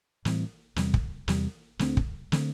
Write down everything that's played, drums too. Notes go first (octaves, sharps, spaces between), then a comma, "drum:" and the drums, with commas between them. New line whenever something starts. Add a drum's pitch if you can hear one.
A2 E3 G3 C4, drum: snare
E2 C3 G3, drum: snare
drum: kick
E2 C3 G3, drum: snare
D2 D3 A3 C4, drum: snare
drum: kick
D3 A3 C4, drum: snare